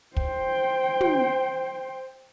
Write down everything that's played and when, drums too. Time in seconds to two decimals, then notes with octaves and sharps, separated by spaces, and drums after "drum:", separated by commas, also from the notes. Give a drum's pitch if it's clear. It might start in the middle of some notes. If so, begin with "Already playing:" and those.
0.17 C5 G5, drum: kick
1.01 drum: tom